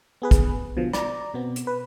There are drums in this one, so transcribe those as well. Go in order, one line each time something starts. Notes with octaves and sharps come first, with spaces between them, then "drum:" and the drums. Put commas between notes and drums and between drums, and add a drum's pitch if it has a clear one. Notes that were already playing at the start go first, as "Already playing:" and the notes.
B3 G#4 B4
drum: kick, hi-hat
B2 D3 F3
D5 A#5, drum: rim click
B2 B3 C4
drum: hi-hat
B4